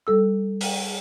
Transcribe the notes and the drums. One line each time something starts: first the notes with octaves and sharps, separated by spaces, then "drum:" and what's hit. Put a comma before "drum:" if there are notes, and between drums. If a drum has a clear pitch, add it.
G3 A4 E6
drum: open hi-hat